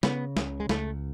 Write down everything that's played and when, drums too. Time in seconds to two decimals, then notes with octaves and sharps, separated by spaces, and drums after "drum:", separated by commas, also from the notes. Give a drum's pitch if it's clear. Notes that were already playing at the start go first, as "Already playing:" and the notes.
0.03 C#3 B3, drum: snare
0.37 C#2, drum: snare
0.60 G#3
0.69 C#2 A3, drum: snare